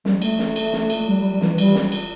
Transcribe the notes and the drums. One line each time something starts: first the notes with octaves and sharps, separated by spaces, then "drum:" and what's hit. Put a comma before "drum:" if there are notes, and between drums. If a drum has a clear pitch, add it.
G3, drum: snare
G3
A3, drum: cymbal
drum: snare
drum: cymbal
drum: snare
drum: cymbal
G3
G3
G3
E3, drum: snare
G3, drum: cymbal
drum: snare
drum: cymbal